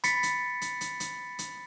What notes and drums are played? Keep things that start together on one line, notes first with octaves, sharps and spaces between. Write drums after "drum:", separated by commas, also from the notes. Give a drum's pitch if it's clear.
B5 A6 B6 C#7, drum: hi-hat
drum: hi-hat
drum: hi-hat
drum: hi-hat
drum: hi-hat
drum: hi-hat